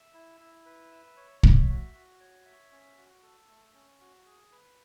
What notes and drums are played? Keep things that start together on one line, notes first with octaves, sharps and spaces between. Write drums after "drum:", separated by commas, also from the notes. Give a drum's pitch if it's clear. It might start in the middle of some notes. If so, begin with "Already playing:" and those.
Already playing: E5
E4
E4
B4
E5
C#5
E5, drum: kick
F#4
F#4
C#5
E5
C#4
F#4
A4
A3
C#4
F#4
G#4
B4